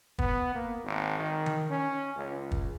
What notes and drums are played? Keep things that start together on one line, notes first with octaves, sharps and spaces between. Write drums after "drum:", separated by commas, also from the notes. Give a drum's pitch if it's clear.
B3, drum: kick
A#3
G#1
D#3
drum: tom D#3
C#4
C#2
drum: kick